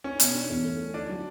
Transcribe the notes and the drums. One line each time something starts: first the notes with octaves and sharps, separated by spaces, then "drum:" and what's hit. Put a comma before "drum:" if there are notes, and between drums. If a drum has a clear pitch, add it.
C#4 D4
B2, drum: hi-hat
D4
E2
A3
A3
D3 D4
F#3